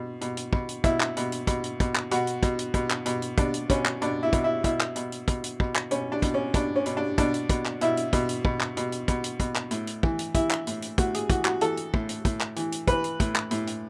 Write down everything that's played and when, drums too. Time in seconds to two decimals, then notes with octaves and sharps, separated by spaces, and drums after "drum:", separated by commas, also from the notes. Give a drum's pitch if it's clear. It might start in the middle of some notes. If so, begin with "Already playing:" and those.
Already playing: B2
0.21 B2, drum: hi-hat
0.37 drum: hi-hat
0.53 B2, drum: kick
0.69 drum: hi-hat
0.84 B2 E4, drum: kick, hi-hat
1.00 drum: clap
1.17 B2, drum: hi-hat
1.32 drum: hi-hat
1.47 B2, drum: kick, hi-hat
1.64 drum: hi-hat
1.80 B2, drum: kick, hi-hat
1.95 drum: clap
2.11 B2 F#4, drum: hi-hat
2.27 drum: hi-hat
2.43 B2, drum: kick, hi-hat
2.59 drum: hi-hat
2.74 B2, drum: kick, hi-hat
2.90 drum: clap
3.06 B2, drum: hi-hat
3.22 drum: hi-hat
3.38 B2 D4, drum: kick, hi-hat
3.54 drum: hi-hat
3.70 B2 C#4, drum: kick, hi-hat
3.85 drum: clap
4.02 B2 D4, drum: hi-hat
4.23 E4
4.33 B2, drum: kick, hi-hat
4.44 E4
4.64 B2 E4, drum: kick, hi-hat
4.80 drum: clap
4.96 B2, drum: hi-hat
5.12 drum: hi-hat
5.28 B2, drum: kick, hi-hat
5.44 drum: hi-hat
5.60 B2, drum: kick
5.75 drum: clap
5.91 B2 C#4, drum: hi-hat
6.12 D4
6.22 B2, drum: kick, hi-hat
6.34 C#4
6.54 B2 D4, drum: kick, hi-hat
6.76 C#4
6.86 B2, drum: hi-hat
6.97 D4
7.18 B2 D4, drum: kick, hi-hat
7.34 drum: hi-hat
7.49 B2, drum: kick, hi-hat
7.65 drum: clap
7.81 B2 E4, drum: hi-hat
7.97 drum: hi-hat
8.13 B2, drum: kick, hi-hat
8.29 drum: hi-hat
8.45 B2, drum: kick
8.61 drum: clap
8.77 B2, drum: hi-hat
8.92 drum: hi-hat
9.08 B2, drum: kick, hi-hat
9.24 drum: hi-hat
9.40 B2, drum: kick, hi-hat
9.56 drum: clap
9.71 A2, drum: hi-hat
9.87 drum: hi-hat
10.03 E3, drum: kick
10.19 drum: hi-hat
10.35 E3 E4, drum: kick, hi-hat
10.51 drum: clap
10.67 A2, drum: hi-hat
10.82 drum: hi-hat
10.98 A2 F#4, drum: kick, hi-hat
11.14 G#4, drum: hi-hat
11.30 E3 F#4, drum: kick, hi-hat
11.45 F#4, drum: clap
11.61 E3 A4, drum: hi-hat
11.77 drum: hi-hat
11.94 A2, drum: kick
12.09 drum: hi-hat
12.25 A2, drum: kick, hi-hat
12.41 drum: clap
12.56 E3, drum: hi-hat
12.72 drum: hi-hat
12.87 E3 B4, drum: kick, hi-hat
13.04 drum: hi-hat
13.20 A2, drum: kick, hi-hat
13.36 drum: clap
13.51 A2, drum: hi-hat
13.67 drum: hi-hat